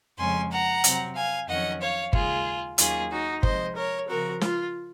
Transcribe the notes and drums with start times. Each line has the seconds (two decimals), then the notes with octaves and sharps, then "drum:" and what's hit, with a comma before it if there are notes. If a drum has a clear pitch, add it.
0.18 F2 C#3 G#3 C#4 G#5 C6
0.51 F#5 A#5
0.84 C3 F#3 C4, drum: hi-hat
1.16 F5 G#5
1.48 F2 D#3 F#3 C#4 D#5 F#5
1.81 C#5 F5
2.13 D#2 C#3 G#3 F4 G#4, drum: kick G1
2.78 D#2 D#3 F#3 A#3 C#4 F4 G#4, drum: hi-hat
3.11 D#4 F#4
3.43 C3 F3 G#3 C5 D#5, drum: kick G1
3.76 A#4 C#5
4.08 C#3 F3 C4 F#4 A#4
4.41 F4, drum: snare